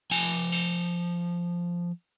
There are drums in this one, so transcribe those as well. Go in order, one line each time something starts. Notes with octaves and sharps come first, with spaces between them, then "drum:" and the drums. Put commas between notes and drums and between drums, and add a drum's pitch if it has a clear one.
F3 G#5, drum: cymbal
drum: cymbal